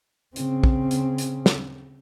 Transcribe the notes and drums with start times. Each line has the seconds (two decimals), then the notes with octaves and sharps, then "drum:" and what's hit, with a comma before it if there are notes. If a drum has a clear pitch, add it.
0.36 C#3 C4, drum: hi-hat
0.64 drum: kick
0.91 drum: hi-hat
1.18 drum: hi-hat
1.46 drum: snare